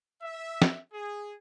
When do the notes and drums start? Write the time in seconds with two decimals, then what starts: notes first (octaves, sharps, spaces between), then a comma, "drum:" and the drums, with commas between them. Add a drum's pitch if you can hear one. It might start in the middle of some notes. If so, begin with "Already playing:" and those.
0.22 E5
0.62 drum: snare
0.93 G#4